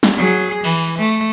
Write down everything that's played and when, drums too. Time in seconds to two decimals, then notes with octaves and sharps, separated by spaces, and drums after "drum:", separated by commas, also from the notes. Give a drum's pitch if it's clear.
0.03 drum: snare
0.17 F#3 G#4
0.64 E3, drum: cymbal
0.99 A3